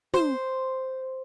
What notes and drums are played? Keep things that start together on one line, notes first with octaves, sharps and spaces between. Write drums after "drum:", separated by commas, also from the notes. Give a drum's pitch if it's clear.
C5, drum: tom